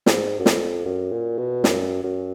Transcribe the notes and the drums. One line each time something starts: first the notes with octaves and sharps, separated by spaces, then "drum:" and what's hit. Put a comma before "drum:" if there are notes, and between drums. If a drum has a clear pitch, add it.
G#2, drum: snare
F#2
F2, drum: snare
F#2
A#2
B2
F#2, drum: snare
F#2